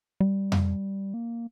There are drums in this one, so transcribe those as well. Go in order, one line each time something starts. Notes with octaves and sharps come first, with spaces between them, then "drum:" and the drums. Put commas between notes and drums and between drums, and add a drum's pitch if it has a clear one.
G3
drum: tom F2
A#3